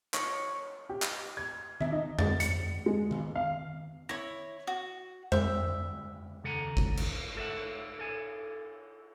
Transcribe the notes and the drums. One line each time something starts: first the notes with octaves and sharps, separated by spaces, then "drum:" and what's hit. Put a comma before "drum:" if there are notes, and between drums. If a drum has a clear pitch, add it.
C#5, drum: clap
G4
drum: clap
G#6
E5, drum: tom D#3
D#4
A6, drum: tom F2
C#7, drum: hi-hat
G#3
drum: tom D#3
F5
E4 C#5 A#6
F#4
C5 E5, drum: tom F2
D#2 C#3 A4 F#5 G#5 A#5
drum: kick G1
drum: cymbal
A4 E5 F#5
A4 G#5